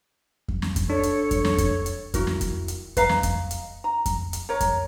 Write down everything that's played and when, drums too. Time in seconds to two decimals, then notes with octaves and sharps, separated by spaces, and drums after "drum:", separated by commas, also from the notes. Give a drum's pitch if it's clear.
0.48 drum: kick F2
0.62 drum: snare
0.76 drum: kick F2, hi-hat
0.90 D4 A4 C#5
1.03 drum: hi-hat
1.31 drum: kick F2, hi-hat
1.45 drum: snare
1.58 drum: kick F2, hi-hat
1.86 drum: hi-hat
2.14 E4 F#4 A#4, drum: kick F2, hi-hat
2.27 drum: snare
2.41 drum: kick F2, hi-hat
2.68 drum: hi-hat
2.97 B4 D#5 F5 A#5, drum: kick F2, hi-hat
3.09 drum: snare
3.23 drum: kick F2, hi-hat
3.51 drum: hi-hat
3.84 A#5
4.06 drum: kick F2, hi-hat
4.33 drum: hi-hat
4.49 A#4 C#5 A#5
4.60 drum: kick F2, hi-hat